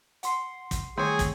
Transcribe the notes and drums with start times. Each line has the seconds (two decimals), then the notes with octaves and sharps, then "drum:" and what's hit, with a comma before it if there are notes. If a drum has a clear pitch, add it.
0.23 F#5 C6 C7, drum: hi-hat
0.71 drum: kick, hi-hat
0.98 D#3 G3 A3 C4 G#4 C#5 G#5
1.19 drum: kick, hi-hat